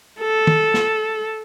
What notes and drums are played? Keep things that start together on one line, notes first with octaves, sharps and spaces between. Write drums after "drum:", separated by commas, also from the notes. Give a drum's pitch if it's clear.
A4
drum: tom D#3
drum: snare